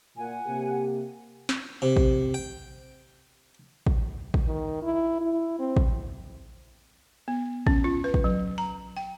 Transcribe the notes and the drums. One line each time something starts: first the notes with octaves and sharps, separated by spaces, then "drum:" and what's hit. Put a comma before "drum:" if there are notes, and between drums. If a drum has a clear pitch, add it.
A#2 F#5 G#5
C3 A#3 G4
drum: snare
C3
drum: kick
G5
drum: kick
drum: kick
D#3
E4
E4
C4
drum: kick
B3
C#4, drum: kick
F4
B4
drum: kick
F#3
A#5
G5